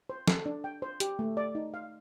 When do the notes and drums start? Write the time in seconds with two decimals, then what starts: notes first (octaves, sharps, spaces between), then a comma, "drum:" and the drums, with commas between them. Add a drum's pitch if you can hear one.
0.10 C5
0.28 A4, drum: snare
0.46 D4
0.64 G5
0.82 C5
1.00 G4, drum: hi-hat
1.19 A3
1.37 D5
1.55 D#4
1.74 F5